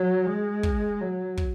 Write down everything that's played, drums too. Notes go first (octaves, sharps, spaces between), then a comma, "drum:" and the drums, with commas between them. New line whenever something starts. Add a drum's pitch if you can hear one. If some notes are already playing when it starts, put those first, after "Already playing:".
Already playing: F#3
G#3
drum: kick
F#3
drum: kick